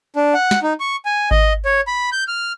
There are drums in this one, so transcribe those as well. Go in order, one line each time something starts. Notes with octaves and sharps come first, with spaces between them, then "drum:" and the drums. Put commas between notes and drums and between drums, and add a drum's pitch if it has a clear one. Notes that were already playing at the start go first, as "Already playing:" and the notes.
D4
F#5
drum: snare
D#4
C#6
G#5
D#5, drum: kick G#1
C#5
B5
G6
F6